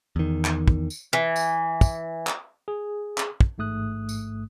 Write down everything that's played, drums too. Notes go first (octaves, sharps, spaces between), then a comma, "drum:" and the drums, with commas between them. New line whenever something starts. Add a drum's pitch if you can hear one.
E2 D#3
drum: clap
drum: kick
drum: tambourine
E3
drum: tambourine
drum: kick, tambourine
drum: clap
G#4
drum: clap
drum: kick
A1 G#2 A3 D#6 F#6
drum: tambourine